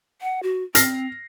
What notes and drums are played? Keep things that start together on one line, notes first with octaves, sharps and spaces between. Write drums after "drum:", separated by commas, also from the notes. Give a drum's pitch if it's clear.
F#5
F#4
C4 F6 A#6 C7, drum: hi-hat